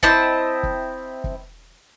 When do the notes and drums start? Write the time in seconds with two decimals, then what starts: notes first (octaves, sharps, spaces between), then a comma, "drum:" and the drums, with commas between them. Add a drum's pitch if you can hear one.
0.03 C4 E4 D#5 A5, drum: kick
0.63 drum: kick
1.24 drum: kick